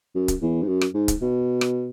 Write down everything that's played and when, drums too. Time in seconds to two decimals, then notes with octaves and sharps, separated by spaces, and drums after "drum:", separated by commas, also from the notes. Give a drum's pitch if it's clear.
0.15 F#2
0.28 drum: kick, hi-hat
0.42 E2
0.63 G#2
0.67 F#2
0.81 drum: rim click
0.94 G#2
1.08 drum: kick, hi-hat
1.22 B2
1.61 drum: rim click